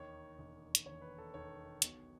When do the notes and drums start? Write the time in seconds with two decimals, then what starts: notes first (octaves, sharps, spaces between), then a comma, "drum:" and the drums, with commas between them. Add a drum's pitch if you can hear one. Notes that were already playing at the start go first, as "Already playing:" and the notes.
Already playing: E1 D#2 D#3 C#5
0.38 E1 D#2 D#3
0.75 drum: hi-hat
0.86 E1 D#2 D#3 C#5
1.01 B4
1.18 A4
1.34 E1 D#2 D#3 C#5
1.82 B1 B2, drum: hi-hat